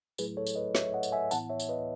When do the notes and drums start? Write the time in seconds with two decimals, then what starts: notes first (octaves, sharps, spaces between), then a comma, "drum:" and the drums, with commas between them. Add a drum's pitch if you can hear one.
0.18 A2 F#3 A3 E4 G#4 B4, drum: tambourine
0.37 A4 C#5
0.47 drum: tambourine
0.56 B4 D#5
0.75 C#5 E5, drum: snare
0.93 D#5 F#5
1.03 drum: tambourine
1.12 E5 G#5
1.31 A2 E3 B3 E4 F#5 A5, drum: tambourine
1.50 C#5 E5
1.60 drum: tambourine
1.69 B4 D#5